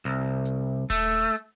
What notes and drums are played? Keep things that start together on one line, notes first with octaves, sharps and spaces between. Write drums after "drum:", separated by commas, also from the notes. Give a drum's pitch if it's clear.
C2
drum: hi-hat
A3, drum: kick D#1, open hi-hat
drum: hi-hat